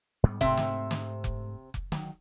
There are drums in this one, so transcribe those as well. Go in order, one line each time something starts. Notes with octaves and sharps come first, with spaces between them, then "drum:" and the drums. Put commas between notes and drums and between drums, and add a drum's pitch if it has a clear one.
G#2 G3 B3
G#2 C3 A3 C4 E5, drum: kick F1
drum: snare
drum: snare
drum: kick F1
drum: kick F1
D#3 F#3, drum: snare